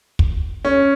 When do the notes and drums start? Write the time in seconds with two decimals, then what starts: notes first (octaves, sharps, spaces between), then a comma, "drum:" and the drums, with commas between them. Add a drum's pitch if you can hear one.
0.19 drum: kick
0.65 C#4